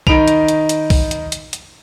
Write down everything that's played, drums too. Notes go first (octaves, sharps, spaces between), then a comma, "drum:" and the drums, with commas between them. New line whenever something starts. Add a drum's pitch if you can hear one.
D#3 D#4 B5 D7 F7, drum: kick B1
drum: hi-hat
drum: hi-hat
drum: hi-hat
drum: kick B1, open hi-hat
drum: hi-hat
drum: hi-hat
drum: hi-hat